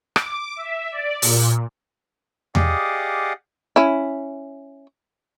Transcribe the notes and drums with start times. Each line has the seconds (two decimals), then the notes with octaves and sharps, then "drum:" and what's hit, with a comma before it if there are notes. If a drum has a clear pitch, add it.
0.16 D6, drum: rim click
0.56 E5
0.91 D5
1.22 A#2, drum: open hi-hat
2.55 G4 G#4 D5 D#5 F5 F#5, drum: tom E2
3.76 C#4 E4